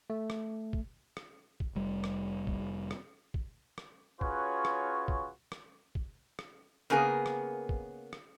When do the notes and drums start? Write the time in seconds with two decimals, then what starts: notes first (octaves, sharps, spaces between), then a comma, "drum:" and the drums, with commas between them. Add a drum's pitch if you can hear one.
0.10 A3
0.30 drum: rim click
0.73 drum: kick
1.17 drum: rim click
1.60 drum: kick
1.75 F1 G3
2.04 drum: rim click
2.47 drum: kick
2.91 drum: rim click
3.34 drum: kick
3.78 drum: rim click
4.21 C#4 F4 F#4 G#4 B4 C#5, drum: kick
4.65 drum: rim click
5.08 drum: kick
5.52 drum: rim click
5.95 drum: kick
6.39 drum: rim click
6.90 C#3 A#3 B3 G#4 A#4
7.26 drum: rim click
7.69 drum: kick
8.13 drum: rim click